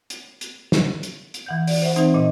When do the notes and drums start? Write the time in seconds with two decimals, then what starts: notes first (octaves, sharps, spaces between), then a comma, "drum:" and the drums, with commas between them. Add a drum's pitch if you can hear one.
0.10 drum: hi-hat
0.41 drum: hi-hat
0.72 drum: snare
1.03 drum: hi-hat
1.34 drum: hi-hat
1.46 E3 F#5 G6
1.67 D5, drum: open hi-hat
1.82 C5 E5 F#5
1.96 E3 C4 D#4 C5, drum: hi-hat
2.14 A#2 D#5